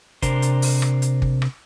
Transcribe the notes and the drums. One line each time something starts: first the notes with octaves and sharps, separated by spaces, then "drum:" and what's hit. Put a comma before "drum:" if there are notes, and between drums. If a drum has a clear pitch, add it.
C3 D4 A#4 C5, drum: kick G1, hi-hat
drum: hi-hat
drum: open hi-hat
drum: rim click
drum: hi-hat
drum: kick G1
drum: rim click